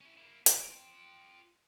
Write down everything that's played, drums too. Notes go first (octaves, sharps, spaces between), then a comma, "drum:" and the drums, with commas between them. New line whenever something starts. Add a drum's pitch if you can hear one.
C#4 E4
A#3 E4
C#3, drum: hi-hat
A#3
F4 G5